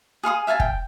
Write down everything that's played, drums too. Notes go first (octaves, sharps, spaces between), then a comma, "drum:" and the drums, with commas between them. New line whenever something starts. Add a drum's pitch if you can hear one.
G#4 F5 C6 D#6
E5 F5 G#5 A5
G5, drum: kick